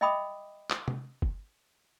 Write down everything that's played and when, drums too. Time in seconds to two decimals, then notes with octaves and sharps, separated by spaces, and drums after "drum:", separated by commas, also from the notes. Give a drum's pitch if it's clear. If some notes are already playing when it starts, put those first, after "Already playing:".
0.01 D#5 E5 G5 B5 D6 D#6
0.70 drum: clap
0.88 drum: tom
1.22 drum: kick